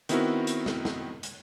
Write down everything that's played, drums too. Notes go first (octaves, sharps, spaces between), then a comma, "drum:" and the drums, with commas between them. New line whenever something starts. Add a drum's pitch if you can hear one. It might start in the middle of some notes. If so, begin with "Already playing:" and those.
D#3 B3 C4 E4 F#4 A#4, drum: hi-hat
drum: hi-hat
drum: snare
drum: snare
drum: hi-hat